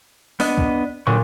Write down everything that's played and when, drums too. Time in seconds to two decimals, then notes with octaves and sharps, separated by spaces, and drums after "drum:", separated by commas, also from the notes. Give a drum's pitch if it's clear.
0.40 B3 D4 D#5, drum: open hi-hat
0.58 drum: kick C#2
1.07 A#2 D3 F#3 C#6